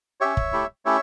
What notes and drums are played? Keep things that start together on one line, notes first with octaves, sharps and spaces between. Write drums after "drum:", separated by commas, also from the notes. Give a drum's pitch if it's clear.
C#4 G4 C#5 E5
drum: kick
A3 E4 G4
A3 C#4 E4 G4 C#5 E5